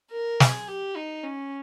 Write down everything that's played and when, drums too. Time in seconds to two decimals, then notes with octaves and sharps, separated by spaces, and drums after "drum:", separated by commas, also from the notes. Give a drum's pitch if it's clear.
0.11 A#4
0.40 G#4, drum: snare
0.68 G4
0.96 D#4
1.24 C#4